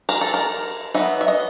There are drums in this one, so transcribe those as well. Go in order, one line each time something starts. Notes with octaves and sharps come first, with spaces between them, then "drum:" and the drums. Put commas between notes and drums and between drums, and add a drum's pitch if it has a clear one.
A#4, drum: cymbal
A4
A#4
F#3 B3 D#4 E5, drum: hi-hat
E5
D#5